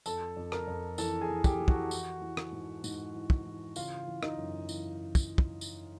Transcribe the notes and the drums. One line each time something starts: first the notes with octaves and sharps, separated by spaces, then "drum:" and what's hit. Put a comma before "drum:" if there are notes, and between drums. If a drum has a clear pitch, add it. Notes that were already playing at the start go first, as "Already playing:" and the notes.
F2 A4 A5, drum: tambourine
F2
A#4 A#5, drum: rim click
F2
E3 A4 A5, drum: tambourine
G#4 G#5
E3
G4 G5, drum: kick, tambourine
E3
F#4 F#5, drum: kick
E3, drum: tambourine
E3
drum: rim click
G#2
G#2, drum: tambourine
E3
drum: kick
E3
C#3 F4 F5, drum: tambourine
E3
D#4 D#5, drum: rim click
F#2
E3, drum: tambourine
drum: kick, tambourine
drum: kick
drum: tambourine